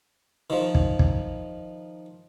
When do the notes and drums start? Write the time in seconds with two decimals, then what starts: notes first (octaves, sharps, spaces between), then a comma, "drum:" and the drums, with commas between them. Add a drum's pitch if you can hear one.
0.50 D#3 F3
0.75 drum: kick
0.99 drum: kick